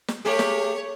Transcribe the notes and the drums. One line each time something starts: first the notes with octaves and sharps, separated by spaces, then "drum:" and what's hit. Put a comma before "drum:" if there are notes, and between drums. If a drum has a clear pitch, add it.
drum: snare
A3 G4 G#4 C#5
drum: snare